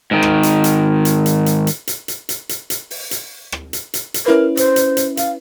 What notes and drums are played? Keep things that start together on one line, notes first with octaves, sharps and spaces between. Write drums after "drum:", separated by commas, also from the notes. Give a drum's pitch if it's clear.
G#2 D#3
drum: rim click
drum: hi-hat
drum: hi-hat
drum: hi-hat
drum: hi-hat
drum: hi-hat
drum: hi-hat
drum: hi-hat
drum: hi-hat
drum: hi-hat
drum: hi-hat
drum: hi-hat
drum: open hi-hat
drum: hi-hat
drum: rim click
drum: hi-hat
drum: hi-hat
drum: hi-hat
C#4 E4 A#4 B4
C5, drum: hi-hat
drum: hi-hat
drum: hi-hat
F5, drum: hi-hat